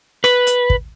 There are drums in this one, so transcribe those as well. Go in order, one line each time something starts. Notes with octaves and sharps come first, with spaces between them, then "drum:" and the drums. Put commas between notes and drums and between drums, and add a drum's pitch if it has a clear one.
B4, drum: rim click
drum: hi-hat
drum: kick